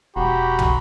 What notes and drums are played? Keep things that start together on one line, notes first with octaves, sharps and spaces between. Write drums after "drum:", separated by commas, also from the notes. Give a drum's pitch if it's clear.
E1 F#4 G4 A#5 B5 C#6
drum: tom